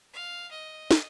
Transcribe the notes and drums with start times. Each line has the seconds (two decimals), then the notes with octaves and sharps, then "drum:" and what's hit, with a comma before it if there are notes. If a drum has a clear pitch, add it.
0.14 F5
0.52 D#5
0.91 drum: snare